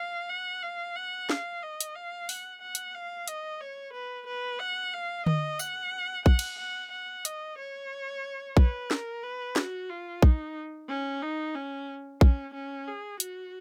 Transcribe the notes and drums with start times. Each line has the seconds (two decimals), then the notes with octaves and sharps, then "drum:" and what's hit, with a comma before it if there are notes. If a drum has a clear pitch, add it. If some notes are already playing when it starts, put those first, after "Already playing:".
Already playing: F5
0.30 F#5
0.63 F5
0.96 F#5
1.30 F5, drum: snare
1.62 D#5
1.81 drum: hi-hat
1.96 F5
2.29 F#5, drum: open hi-hat
2.62 F#5
2.75 drum: hi-hat
2.95 F5
3.28 D#5, drum: hi-hat
3.61 C#5
3.93 B4
4.27 B4
4.60 F#5
4.93 F5
5.26 D#5, drum: tom D3
5.59 F#5, drum: tambourine
6.26 F#5, drum: kick A#1
6.39 drum: cymbal
6.59 F#5
6.92 F#5
7.25 D#5, drum: hi-hat
7.58 C#5
8.57 B4, drum: kick A#1
8.91 A#4, drum: snare
9.23 B4
9.56 F#4, drum: snare
9.89 F4
10.22 D#4, drum: kick A#1
10.88 C#4
11.22 D#4
11.55 C#4
12.21 C#4, drum: kick A#1
12.54 C#4
12.88 G#4
13.20 F#4, drum: hi-hat